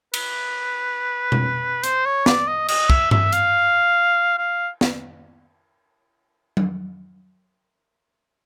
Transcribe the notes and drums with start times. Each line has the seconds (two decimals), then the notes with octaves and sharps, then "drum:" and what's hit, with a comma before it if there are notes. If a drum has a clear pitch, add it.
0.14 B4, drum: cymbal
1.32 drum: tom B2
1.84 C5, drum: hi-hat
2.05 C#5
2.26 D5, drum: snare
2.48 D#5
2.68 D#5, drum: cymbal
2.90 E5, drum: kick
3.11 E5, drum: tom G2
3.33 F5, drum: hi-hat
4.38 F5
4.81 drum: snare
6.57 drum: tom F#3